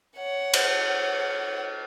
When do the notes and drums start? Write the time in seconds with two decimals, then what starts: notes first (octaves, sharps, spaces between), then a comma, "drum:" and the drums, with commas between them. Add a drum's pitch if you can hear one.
0.17 C#5 F#5
0.54 drum: cymbal